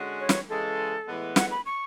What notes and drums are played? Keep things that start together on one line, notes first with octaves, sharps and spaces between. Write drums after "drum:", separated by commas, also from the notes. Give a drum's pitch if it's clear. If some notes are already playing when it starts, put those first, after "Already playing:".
Already playing: D3 G#3 C#4 F#4
C#5
drum: snare
C#3 E3 G#3 A4
A2 E3 G#3 B3
F#5, drum: snare
B5
C#6